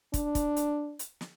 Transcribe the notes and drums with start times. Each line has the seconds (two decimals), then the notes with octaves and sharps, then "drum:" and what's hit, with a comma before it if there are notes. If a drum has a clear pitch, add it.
0.14 D4, drum: kick, hi-hat
0.35 drum: kick, hi-hat
0.56 drum: hi-hat
0.99 drum: hi-hat
1.21 drum: snare